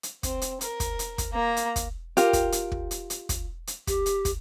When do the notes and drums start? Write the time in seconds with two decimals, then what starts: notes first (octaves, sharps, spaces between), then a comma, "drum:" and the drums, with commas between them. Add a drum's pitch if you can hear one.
0.03 drum: hi-hat
0.23 C4, drum: kick, hi-hat
0.42 drum: hi-hat
0.61 A#4, drum: hi-hat
0.80 drum: kick, hi-hat
0.99 drum: hi-hat
1.18 drum: kick, hi-hat
1.32 A#3 A#5
1.57 drum: hi-hat
1.76 drum: kick, hi-hat
2.17 F4 G4 A#4, drum: hi-hat
2.33 drum: kick, hi-hat
2.52 drum: hi-hat
2.72 drum: kick
2.91 drum: hi-hat
3.10 drum: hi-hat
3.29 drum: kick, hi-hat
3.67 drum: hi-hat
3.87 G4, drum: kick, hi-hat
4.06 drum: hi-hat
4.25 drum: kick, hi-hat